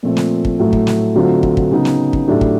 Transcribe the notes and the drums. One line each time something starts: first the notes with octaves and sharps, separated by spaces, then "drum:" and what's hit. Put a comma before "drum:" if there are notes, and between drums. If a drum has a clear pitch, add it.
A#2 F3 A3 C4
drum: snare
drum: kick
A2 F#3 A3
drum: kick
drum: snare
D3 F#3 A3 C4 F4
drum: kick
drum: kick
C#3 F#3 B3 D#4
drum: snare
drum: kick
A2 F#3 A3 D4 G4
drum: kick